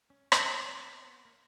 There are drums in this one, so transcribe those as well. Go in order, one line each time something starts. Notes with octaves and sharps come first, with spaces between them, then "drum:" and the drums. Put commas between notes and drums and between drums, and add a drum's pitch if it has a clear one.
C#4
C4, drum: rim click
B3
A#3